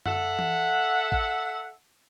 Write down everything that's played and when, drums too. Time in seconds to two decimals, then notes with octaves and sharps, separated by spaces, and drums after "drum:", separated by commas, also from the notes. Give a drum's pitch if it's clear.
0.06 A4 E5 F#5, drum: tom F#2
0.39 drum: tom E3
1.12 drum: kick